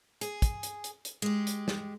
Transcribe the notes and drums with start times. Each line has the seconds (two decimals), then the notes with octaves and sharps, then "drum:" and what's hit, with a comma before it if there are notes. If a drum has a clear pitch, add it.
0.21 G#4, drum: hi-hat
0.42 drum: kick, hi-hat
0.63 drum: hi-hat
0.84 drum: hi-hat
1.05 drum: hi-hat
1.22 G#3 G4
1.47 drum: hi-hat
1.68 drum: snare